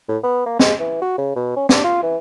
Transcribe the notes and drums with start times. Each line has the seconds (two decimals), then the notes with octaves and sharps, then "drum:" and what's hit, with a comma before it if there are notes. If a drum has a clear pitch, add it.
0.09 A2
0.23 B3
0.46 A#3
0.59 G#3, drum: snare
0.80 E3
1.02 F#4
1.18 C#3
1.36 B2
1.57 C#4
1.69 D4, drum: snare
1.84 F4
2.03 E3